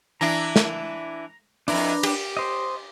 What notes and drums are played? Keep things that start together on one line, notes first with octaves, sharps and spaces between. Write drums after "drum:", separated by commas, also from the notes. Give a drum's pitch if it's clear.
E3 D4 E4 A#5
drum: snare
F2 D4 E4 B4 A#5, drum: open hi-hat
G4, drum: cymbal
C5 D#5